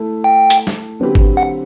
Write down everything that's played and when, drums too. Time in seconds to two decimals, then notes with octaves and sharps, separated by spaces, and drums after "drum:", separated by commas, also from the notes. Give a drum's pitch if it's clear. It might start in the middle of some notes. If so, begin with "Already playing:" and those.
Already playing: A3 E4 A4
0.24 G5
0.50 drum: hi-hat
0.67 drum: snare
1.00 D3 F#3 C4 G4 B4
1.15 drum: kick G1
1.37 F#5